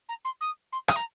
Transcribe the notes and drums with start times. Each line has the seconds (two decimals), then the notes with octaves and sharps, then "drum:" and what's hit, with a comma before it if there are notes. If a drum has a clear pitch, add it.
0.09 A#5
0.25 C6
0.41 D#6
0.73 C6
0.88 D#6, drum: rim click
0.96 A#5